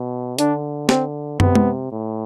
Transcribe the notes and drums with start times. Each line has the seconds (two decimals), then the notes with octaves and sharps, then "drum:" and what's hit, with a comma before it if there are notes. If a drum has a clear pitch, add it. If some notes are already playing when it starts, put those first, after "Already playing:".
Already playing: B2
0.38 D3 D4, drum: hi-hat
0.89 D3 C4, drum: snare
1.40 C3 B3, drum: tom
1.55 drum: tom G#3
1.92 A2